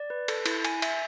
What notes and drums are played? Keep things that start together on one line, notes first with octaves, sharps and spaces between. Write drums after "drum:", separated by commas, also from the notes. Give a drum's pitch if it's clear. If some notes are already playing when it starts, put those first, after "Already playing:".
Already playing: D5
B4
A4, drum: cymbal
E4, drum: cymbal
G#5, drum: cymbal
E5, drum: cymbal